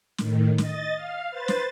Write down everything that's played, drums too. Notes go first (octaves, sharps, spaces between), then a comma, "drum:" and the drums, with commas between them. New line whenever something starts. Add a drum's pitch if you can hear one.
A2 D#3, drum: snare
D#5 A6, drum: snare
F5
B4 C5 A6
drum: snare